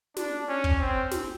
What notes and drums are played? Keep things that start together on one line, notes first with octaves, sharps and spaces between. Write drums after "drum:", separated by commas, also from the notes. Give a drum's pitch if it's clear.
D4, drum: snare
C#4
drum: kick
C4
drum: snare